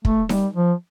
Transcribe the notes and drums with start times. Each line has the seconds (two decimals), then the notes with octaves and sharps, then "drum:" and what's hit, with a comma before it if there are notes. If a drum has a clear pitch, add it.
0.05 A3, drum: kick
0.29 G3, drum: snare D#4
0.55 F3